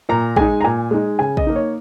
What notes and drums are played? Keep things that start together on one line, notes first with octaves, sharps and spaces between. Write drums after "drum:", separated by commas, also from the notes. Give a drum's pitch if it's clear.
A#2 A#5
G#3 D#4 G#5, drum: kick
A#5
A#2 G#5
G#3 D#4
C#3 G#5
D#5, drum: kick
A#3 D#4
C#5